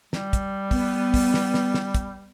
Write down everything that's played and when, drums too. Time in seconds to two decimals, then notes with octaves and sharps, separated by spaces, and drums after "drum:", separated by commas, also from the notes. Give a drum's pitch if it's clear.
0.13 G3, drum: snare
0.33 drum: kick, hi-hat
0.71 B3, drum: kick, open hi-hat
1.14 drum: kick, open hi-hat
1.34 drum: snare
1.54 drum: snare
1.74 drum: snare
1.95 drum: kick, hi-hat